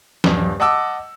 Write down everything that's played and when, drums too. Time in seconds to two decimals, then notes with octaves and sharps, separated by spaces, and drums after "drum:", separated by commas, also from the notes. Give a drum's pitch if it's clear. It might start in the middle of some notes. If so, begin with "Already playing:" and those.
0.24 D#1 G2, drum: snare F3
0.60 D#5 F#5 A5 D6 E6